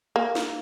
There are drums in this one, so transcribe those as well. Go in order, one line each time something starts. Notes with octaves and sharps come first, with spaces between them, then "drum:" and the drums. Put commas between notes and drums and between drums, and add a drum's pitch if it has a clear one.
A#3
drum: snare